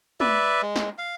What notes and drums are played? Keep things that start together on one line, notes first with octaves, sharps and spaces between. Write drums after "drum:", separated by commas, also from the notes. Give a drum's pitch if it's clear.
B4 D5 E5, drum: tom
G#3
drum: snare
F5